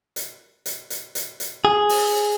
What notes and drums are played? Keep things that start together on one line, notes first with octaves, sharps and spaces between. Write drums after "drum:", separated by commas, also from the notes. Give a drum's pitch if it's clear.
drum: hi-hat
drum: hi-hat
drum: hi-hat
drum: hi-hat
drum: hi-hat
G#4
drum: open hi-hat